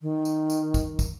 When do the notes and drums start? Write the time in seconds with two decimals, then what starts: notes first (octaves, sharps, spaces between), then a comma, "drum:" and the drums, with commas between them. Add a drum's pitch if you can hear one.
0.01 D#3
0.25 drum: tambourine
0.50 drum: tambourine
0.74 drum: kick, tambourine
0.99 drum: kick, tambourine